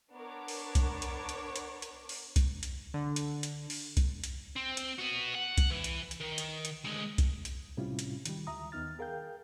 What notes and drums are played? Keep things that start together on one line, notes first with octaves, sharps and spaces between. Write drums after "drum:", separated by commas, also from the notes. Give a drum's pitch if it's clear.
B3 D4 A#4 C#5 D6
drum: open hi-hat
drum: kick B1, hi-hat
drum: hi-hat
drum: hi-hat
drum: hi-hat
drum: hi-hat
drum: open hi-hat
drum: kick B1, hi-hat
drum: hi-hat
D3
drum: hi-hat
drum: hi-hat
drum: open hi-hat
drum: kick B1, hi-hat
drum: hi-hat
C4
drum: hi-hat
B3 F#4
F#5
drum: kick B1, hi-hat
E3
drum: hi-hat
drum: hi-hat
D#3
drum: hi-hat
drum: hi-hat
D2 G#3
drum: kick B1, hi-hat
drum: hi-hat
A2 C3 G3 C#4 E4 F4
drum: hi-hat
D#3 G3, drum: hi-hat
D2 E5 A#5 D#6
D#2 D#3 B3 D#4 F6 A6
G#4 A#4 F5 G5 G6